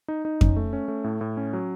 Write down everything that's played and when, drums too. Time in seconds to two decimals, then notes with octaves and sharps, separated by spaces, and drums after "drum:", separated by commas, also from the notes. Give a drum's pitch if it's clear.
0.08 D#4
0.25 D#4
0.41 C#4, drum: kick F2
0.56 A3
0.73 C#4
0.88 A3
1.04 A2
1.21 A2
1.37 C#4
1.53 F#3